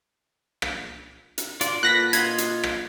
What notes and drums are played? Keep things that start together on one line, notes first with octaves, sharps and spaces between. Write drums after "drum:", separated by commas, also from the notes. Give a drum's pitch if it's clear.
drum: rim click
drum: hi-hat
F4 D5, drum: hi-hat
A#2 A4 B4 F#5 F#6 A#6 B6
F4 D#5 F5 G#6, drum: hi-hat
drum: hi-hat
drum: rim click